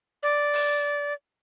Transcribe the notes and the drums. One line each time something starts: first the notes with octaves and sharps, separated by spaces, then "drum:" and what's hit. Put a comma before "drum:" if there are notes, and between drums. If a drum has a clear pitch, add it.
D5
drum: open hi-hat